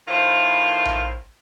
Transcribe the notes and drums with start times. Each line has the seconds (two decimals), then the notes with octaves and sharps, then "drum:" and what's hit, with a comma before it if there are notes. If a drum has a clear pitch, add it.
0.08 A2 D#3 E4 F4 A#4 C5
0.85 drum: tom A#1